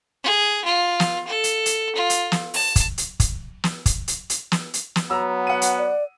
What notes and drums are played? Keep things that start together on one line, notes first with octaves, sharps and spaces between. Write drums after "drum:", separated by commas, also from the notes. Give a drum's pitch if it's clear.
G#4
F4
drum: snare
A4
drum: hi-hat
drum: hi-hat
F4
drum: hi-hat
drum: snare
A5, drum: open hi-hat
drum: kick, hi-hat
drum: hi-hat
drum: kick, hi-hat
drum: snare
drum: kick, hi-hat
drum: hi-hat
drum: hi-hat
drum: snare
drum: hi-hat
drum: snare
F#3 B3 A#5 E6
F#5 D#7
drum: hi-hat
D5